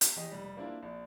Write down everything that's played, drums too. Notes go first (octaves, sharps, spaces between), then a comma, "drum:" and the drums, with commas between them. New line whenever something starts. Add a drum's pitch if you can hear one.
B6 C7, drum: hi-hat
E2 G4 D#5
F1 G3
A#3 C4 D4 E4 F4
A#1